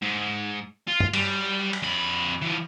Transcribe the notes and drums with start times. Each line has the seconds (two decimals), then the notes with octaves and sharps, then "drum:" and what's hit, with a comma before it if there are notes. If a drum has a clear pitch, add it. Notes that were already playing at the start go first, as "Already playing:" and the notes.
0.02 G#2
0.87 F4
1.00 drum: tom G2
1.14 G3, drum: cymbal
1.73 drum: cymbal
1.83 F2 B5
2.41 E3 F3